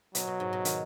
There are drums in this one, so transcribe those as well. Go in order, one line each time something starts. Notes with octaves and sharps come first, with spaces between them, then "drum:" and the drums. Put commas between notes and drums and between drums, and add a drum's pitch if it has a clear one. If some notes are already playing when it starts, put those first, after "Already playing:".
B2 F#3, drum: hi-hat
B2
G#2
B2
D#3, drum: hi-hat